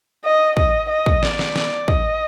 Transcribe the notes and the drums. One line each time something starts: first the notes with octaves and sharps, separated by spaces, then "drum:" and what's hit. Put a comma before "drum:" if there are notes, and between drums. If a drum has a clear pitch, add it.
D#5
D#5, drum: kick
D#5
drum: kick
D5, drum: snare
drum: snare
drum: snare
D#5, drum: kick